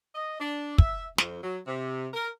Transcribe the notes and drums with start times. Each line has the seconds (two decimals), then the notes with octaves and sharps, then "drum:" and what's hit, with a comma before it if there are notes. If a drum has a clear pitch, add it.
0.15 D#5
0.40 D4
0.78 E5, drum: kick
1.18 F2, drum: snare
1.42 F#3
1.67 C3
2.14 A#4